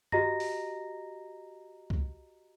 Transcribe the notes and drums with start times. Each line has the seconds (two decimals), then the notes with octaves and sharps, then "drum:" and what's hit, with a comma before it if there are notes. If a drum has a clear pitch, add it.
0.12 F#4 G4 D#5 A#5 A#6, drum: tom G2
0.40 drum: open hi-hat
1.90 drum: kick C#2